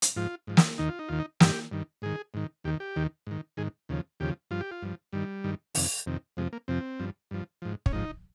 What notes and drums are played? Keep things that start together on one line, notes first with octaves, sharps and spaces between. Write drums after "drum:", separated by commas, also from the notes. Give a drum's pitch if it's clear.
drum: hi-hat
G#2 F3 F4
G#2 F3
drum: snare
D#2 D#3 D#4
F4
D#4
D#2 D#3 F4
D#4
G2 D#3 G4, drum: snare
G2 D#3
G#2 D#3 G#4
G#2 D#3
D#2 D#3 G4
G4
D#2 D#3
G#2 D#3
G#2 D#3 G#4
D#2 C#3 F3
D#2 C#3 F3 G4
G2 F3 F4
G4
F4
G2 F3
G2 D#3 G3
G2 D#3
F2 C3 D#3, drum: open hi-hat
F2 C3 D#3
F2 C3 F3 G#3
A#3
F2 C3 F3 C4
G2 F3
G2 F3
G#2 F3
C#4, drum: kick
G#2 F3 D#4